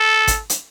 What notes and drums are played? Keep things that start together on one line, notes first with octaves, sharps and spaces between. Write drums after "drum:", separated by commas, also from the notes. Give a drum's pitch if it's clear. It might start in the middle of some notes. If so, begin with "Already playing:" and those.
Already playing: A4
drum: kick G#1, hi-hat
drum: hi-hat